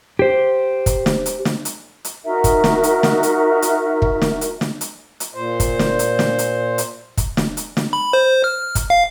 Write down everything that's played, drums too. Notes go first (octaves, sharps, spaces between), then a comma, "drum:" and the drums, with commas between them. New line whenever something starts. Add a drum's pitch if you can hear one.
G4 C5
drum: kick, hi-hat
drum: snare
drum: hi-hat
drum: snare
drum: hi-hat
drum: hi-hat
D#4 F#4 A#4 E5
drum: kick, hi-hat
drum: snare
drum: hi-hat
drum: snare
drum: hi-hat
drum: hi-hat
drum: kick
drum: snare
drum: hi-hat
drum: snare
drum: hi-hat
drum: hi-hat
A#2 C5
drum: kick, hi-hat
drum: snare
drum: hi-hat
drum: snare
drum: hi-hat
drum: hi-hat
drum: kick, hi-hat
drum: snare
drum: hi-hat
drum: snare
B5
C5
F6
drum: kick, hi-hat
F5